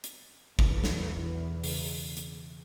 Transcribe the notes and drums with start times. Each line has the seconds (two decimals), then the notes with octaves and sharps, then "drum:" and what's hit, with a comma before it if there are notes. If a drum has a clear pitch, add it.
0.04 drum: hi-hat
0.59 E2, drum: kick
0.84 drum: snare
1.16 B2 E3
1.64 C#3, drum: open hi-hat
2.17 drum: hi-hat